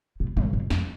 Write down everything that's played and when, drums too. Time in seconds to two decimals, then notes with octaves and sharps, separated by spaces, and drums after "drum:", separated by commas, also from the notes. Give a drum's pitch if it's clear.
0.20 A2
0.37 G#2, drum: tom
0.53 E2
0.70 F2, drum: snare